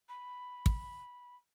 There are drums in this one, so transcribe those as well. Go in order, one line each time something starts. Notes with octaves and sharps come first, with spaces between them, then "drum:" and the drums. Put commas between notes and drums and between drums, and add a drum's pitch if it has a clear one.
B5
drum: kick